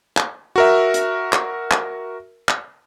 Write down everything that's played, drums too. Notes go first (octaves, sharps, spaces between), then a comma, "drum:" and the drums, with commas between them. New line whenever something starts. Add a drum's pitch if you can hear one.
drum: clap
F#4 A#4 E5
drum: hi-hat
drum: clap
drum: clap
drum: clap